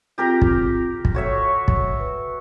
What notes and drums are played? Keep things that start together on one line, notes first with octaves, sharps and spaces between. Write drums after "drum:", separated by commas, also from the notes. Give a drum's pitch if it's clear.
C4 F4 G4 G#4 A#4 A#5
drum: kick
drum: kick
F#4 A4 C#5 E5
drum: kick
B4